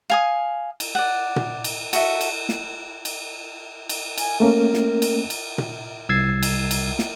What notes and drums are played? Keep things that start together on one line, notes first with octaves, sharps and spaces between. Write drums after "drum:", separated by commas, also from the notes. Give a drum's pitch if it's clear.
F5 G#5 D#6
drum: cymbal
D5 F#5
drum: tom A#2
drum: cymbal
F#4 A4 E5, drum: cymbal
drum: cymbal
drum: snare
drum: cymbal
drum: cymbal
G#5, drum: cymbal
A3 A#3 C#4 A#4
drum: snare
drum: cymbal
drum: cymbal
drum: tom A#2
C2 E6 G#6 A6 C7
drum: cymbal
drum: cymbal
drum: snare